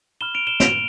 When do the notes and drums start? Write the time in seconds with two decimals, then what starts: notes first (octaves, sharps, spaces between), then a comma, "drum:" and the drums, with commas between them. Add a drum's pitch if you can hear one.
0.21 B5 F6 E7 G7
0.34 D7 F7
0.47 E7 G7
0.60 D7 F7, drum: snare